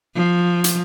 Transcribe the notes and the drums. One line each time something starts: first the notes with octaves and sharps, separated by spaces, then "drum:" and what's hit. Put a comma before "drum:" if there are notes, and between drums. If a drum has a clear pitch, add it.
F3
drum: hi-hat